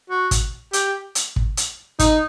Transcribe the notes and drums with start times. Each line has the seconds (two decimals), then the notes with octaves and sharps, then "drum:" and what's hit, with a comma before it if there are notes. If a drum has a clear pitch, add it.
0.10 F#4
0.31 drum: kick, hi-hat
0.73 G4, drum: hi-hat
1.15 drum: hi-hat
1.36 drum: kick
1.57 drum: hi-hat
1.99 D#4, drum: kick, hi-hat